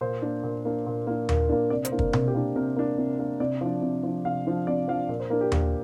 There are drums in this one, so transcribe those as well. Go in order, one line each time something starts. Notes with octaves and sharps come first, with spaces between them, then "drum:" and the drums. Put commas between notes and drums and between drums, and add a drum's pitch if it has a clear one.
A#2 C5
A#3 D4
A#2
A#3 D4
A#2
A#3 D4
A#2, drum: tom D#2
A#3 D4
C3 D5
C5, drum: hi-hat
A#3 D4
A#4, drum: kick
C3 A#4, drum: tom B2
G4
A#3 D4
C3 A#4
A#3 D4
C3
A#3 D4
C3 D5
F3 D4
C3
F3 D4
C3 F5
F3 D4
C3 D5
F3 D4 F5
A#2 D5
C5
A#3 D4 A#4
G4
A#2 A#4, drum: tom D#2